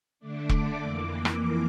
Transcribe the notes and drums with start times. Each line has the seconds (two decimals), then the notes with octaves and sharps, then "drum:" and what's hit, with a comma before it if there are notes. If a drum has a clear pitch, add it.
0.20 D3 A3 D4 D6
0.49 drum: kick E1
0.79 F2 E3 A#3
1.25 drum: rim click